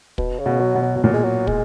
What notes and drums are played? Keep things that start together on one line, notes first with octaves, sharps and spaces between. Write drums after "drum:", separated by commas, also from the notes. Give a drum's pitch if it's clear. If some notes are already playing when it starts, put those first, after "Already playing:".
B2, drum: kick
C#3
B2
F#3
B2
F#3
B2
A#2 F#3
G#3
F#3
G#3, drum: kick